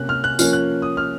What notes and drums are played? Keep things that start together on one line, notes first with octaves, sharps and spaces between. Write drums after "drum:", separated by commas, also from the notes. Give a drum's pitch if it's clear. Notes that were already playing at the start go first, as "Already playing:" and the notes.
Already playing: C3 A#3 C#4 F#6
F6
F#6
F3 A#3 C#4 F6, drum: tambourine
F#6
D#6
F6